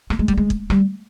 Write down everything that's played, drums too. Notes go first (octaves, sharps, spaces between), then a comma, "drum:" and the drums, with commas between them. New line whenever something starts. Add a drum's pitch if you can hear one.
A3, drum: rim click
G#3
G3, drum: kick
G#3
drum: kick
G3, drum: rim click